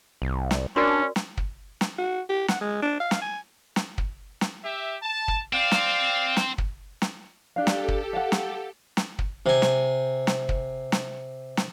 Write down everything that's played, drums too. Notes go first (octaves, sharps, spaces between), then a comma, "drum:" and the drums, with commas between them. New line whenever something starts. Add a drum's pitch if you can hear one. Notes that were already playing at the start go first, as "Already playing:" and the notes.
C2
drum: snare
C#4 D4 F#4 A#4 D5
drum: snare
drum: kick
drum: snare
F#4
G4
F#5, drum: snare
G#3
D4
F5
drum: snare
G#5
drum: snare
drum: kick
drum: snare
G4 E5
A5
drum: kick
C4 D5 F5
drum: snare
drum: snare
drum: kick
drum: snare
D4 G4 A4 F5
drum: snare
drum: kick
F5 F#5
drum: snare
drum: snare
drum: kick
C3 G#5
drum: snare
drum: snare
drum: kick
drum: snare
drum: snare